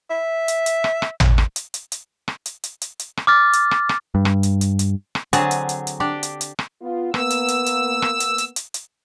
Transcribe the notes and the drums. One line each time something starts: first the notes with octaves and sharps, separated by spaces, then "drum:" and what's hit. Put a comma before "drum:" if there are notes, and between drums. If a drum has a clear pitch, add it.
E5
drum: hi-hat
drum: hi-hat
drum: rim click
drum: rim click
drum: tom
drum: rim click
drum: hi-hat
drum: hi-hat
drum: hi-hat
drum: rim click
drum: hi-hat
drum: hi-hat
drum: hi-hat
drum: hi-hat
drum: rim click
D6 F6 A6
drum: hi-hat
drum: rim click
drum: rim click
G2
drum: rim click
drum: hi-hat
drum: hi-hat
drum: hi-hat
drum: rim click
D3 F#3 C4 G#4 G#5 A5, drum: hi-hat
drum: hi-hat
drum: hi-hat
drum: hi-hat
D4 G4 D5
drum: hi-hat
drum: hi-hat
drum: rim click
B3 F4
A#3 B3 E6, drum: rim click
drum: hi-hat
drum: hi-hat
drum: hi-hat
drum: rim click
drum: hi-hat
drum: hi-hat
drum: hi-hat
drum: hi-hat